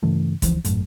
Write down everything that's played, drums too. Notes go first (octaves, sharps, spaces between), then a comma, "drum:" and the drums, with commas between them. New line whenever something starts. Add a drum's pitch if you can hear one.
G2 C#3 E3 A3
C#2 E3 F3, drum: kick, hi-hat
G#1 F#2 A2, drum: hi-hat